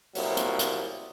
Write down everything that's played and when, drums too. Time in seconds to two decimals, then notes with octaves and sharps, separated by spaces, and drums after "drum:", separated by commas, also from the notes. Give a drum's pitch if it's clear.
0.15 C2 A#2 F#3, drum: open hi-hat
0.37 drum: hi-hat
0.59 drum: hi-hat